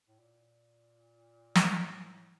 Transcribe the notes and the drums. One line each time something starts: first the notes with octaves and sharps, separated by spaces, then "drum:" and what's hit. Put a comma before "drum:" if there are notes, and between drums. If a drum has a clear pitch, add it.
A2
A#2
drum: snare
A2